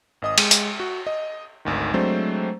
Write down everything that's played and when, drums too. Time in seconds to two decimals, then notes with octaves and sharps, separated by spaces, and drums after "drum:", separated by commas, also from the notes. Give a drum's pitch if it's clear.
0.22 G#1 D#5 D#6
0.38 G#3, drum: cymbal
0.51 drum: hi-hat
0.80 F#4
1.07 D#5
1.65 G#1 D2 D#3
1.94 F#3 G#3 A3 C4 D4 C5